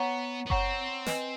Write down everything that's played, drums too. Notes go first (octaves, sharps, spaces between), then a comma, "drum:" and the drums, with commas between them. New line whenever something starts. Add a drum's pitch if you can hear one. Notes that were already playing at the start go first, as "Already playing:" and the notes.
Already playing: B3 C#5 F#5 A#5 C#6
B3
C4 C#5 F#5 A#5 C#6, drum: kick F#1
B4 D#5 G#5, drum: snare